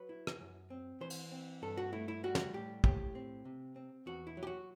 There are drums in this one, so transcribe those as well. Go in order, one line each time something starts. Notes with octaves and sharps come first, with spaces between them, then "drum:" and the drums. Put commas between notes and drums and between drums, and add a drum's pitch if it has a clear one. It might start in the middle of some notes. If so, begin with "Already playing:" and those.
Already playing: F#3 B4
E4
drum: rim click
F#2
C4
E3 C5
drum: cymbal
C4
G2 A4
F#4
A3 E4
E4
G3 F#4
drum: snare
A2 G4
A2 G4, drum: kick
C4
C3
C4
E2 F#4
E4
F#3
G4
F#4